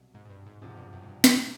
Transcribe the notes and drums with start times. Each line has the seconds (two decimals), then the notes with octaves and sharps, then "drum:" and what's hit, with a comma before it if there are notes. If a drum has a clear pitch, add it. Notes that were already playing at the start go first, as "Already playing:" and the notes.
Already playing: C2 B2 F#3
0.15 G#2
0.25 G#2
0.30 G2
0.46 G#2
0.62 E1 E2 G#2 C3 F3
0.77 G2
0.93 F#2
1.03 G#2
1.08 G2
1.24 G#2, drum: snare